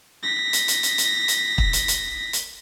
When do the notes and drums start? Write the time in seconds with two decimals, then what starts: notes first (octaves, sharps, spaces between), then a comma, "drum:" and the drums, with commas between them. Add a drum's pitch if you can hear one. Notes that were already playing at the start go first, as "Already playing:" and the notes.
0.23 A#6 B6
0.53 drum: hi-hat
0.68 drum: hi-hat
0.83 drum: hi-hat
0.98 drum: hi-hat
1.28 drum: hi-hat
1.58 drum: kick
1.73 drum: hi-hat
1.88 drum: hi-hat
2.33 drum: hi-hat